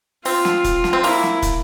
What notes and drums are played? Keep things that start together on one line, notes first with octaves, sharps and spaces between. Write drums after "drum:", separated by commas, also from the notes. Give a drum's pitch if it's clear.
C4 F4, drum: open hi-hat
drum: snare
drum: kick, hi-hat
drum: snare
C4
A#3 E4, drum: open hi-hat
drum: snare
drum: kick, hi-hat